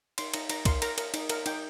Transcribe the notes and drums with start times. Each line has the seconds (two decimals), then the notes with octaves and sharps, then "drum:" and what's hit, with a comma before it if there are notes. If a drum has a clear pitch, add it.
0.18 D#4 C6, drum: cymbal
0.34 D#4 A#5, drum: cymbal
0.49 D#4 A#5, drum: cymbal
0.65 A#4 C6, drum: kick, cymbal
0.82 A#4 A#5, drum: cymbal
0.98 A#4, drum: cymbal
1.14 D#4, drum: cymbal
1.30 A#4, drum: cymbal
1.46 D#4 G5, drum: cymbal